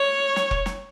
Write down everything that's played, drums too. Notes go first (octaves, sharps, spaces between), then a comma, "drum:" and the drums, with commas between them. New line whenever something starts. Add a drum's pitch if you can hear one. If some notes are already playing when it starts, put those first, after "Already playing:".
Already playing: C#5
drum: snare
drum: kick F1
drum: snare